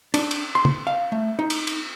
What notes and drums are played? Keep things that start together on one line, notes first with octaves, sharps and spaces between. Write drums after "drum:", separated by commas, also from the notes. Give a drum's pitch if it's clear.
D4, drum: cymbal
drum: cymbal
C6
drum: tom
F5
A3
D#4
drum: cymbal
drum: cymbal